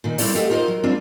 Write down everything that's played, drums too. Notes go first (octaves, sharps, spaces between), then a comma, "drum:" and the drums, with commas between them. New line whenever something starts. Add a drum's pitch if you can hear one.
A#2 D#3
G3 C4 E4 A4 D5, drum: open hi-hat
A3 G4 A4 D#5 F5 F#5
D#4 F4 A#4 C5 D#5
F#3
G3 G#3 C4 D4 F4